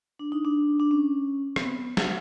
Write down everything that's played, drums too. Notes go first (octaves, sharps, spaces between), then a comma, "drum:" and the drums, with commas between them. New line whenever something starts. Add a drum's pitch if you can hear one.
D4
D#4
D4
D4
C#4
C4, drum: rim click
B3
F#3, drum: snare